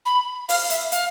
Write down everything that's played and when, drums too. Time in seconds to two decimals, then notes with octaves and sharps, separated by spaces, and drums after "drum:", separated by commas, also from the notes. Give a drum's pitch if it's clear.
0.06 B5
0.49 F5, drum: open hi-hat
0.70 E5, drum: hi-hat
0.92 F5, drum: hi-hat